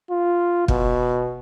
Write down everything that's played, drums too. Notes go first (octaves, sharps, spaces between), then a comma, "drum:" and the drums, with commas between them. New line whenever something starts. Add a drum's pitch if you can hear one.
F4
B2, drum: kick